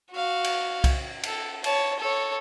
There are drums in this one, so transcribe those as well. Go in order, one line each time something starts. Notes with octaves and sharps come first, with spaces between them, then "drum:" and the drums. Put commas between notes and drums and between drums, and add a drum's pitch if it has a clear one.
F#4 F5
drum: cymbal
drum: kick C2, cymbal
A4, drum: cymbal
C#5 A5, drum: cymbal
A4 C#5